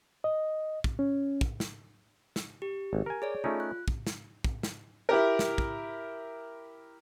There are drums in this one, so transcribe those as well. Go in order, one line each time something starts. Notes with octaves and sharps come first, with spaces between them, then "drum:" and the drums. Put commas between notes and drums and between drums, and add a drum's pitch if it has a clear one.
D#5
drum: kick
C#4
drum: kick
drum: snare
drum: snare
G4
G#1
A#4 G#5
G#4 C#5 D5
A3 C#4 D#4 F4
F#6
drum: kick
drum: snare
drum: kick
drum: snare
E4 G4 A#4
drum: snare
drum: kick